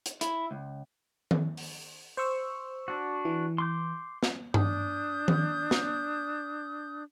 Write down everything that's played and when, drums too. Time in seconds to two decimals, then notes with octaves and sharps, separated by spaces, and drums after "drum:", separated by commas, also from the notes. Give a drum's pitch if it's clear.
0.06 drum: hi-hat
0.21 E4, drum: hi-hat
0.51 C#2
1.31 drum: tom D#3
1.57 drum: open hi-hat
2.17 C5 C#6 E6
2.88 D4 F#4
3.25 E3
3.58 C6 D6 G6
4.23 drum: snare
4.54 D4 D#6 G6, drum: tom G2
5.28 drum: tom D#3
5.71 drum: snare